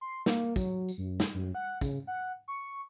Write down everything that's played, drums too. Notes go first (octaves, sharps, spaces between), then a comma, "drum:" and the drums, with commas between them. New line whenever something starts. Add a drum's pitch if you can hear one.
C6
A#3, drum: snare
F#3, drum: kick, tambourine
drum: tambourine
F#2
drum: snare
F#2
F#5
C#3, drum: kick, tambourine
F#5
C#6